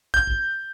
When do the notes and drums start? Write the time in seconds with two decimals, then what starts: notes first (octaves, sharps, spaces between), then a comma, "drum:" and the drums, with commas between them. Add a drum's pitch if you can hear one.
0.14 G6, drum: kick
0.27 drum: kick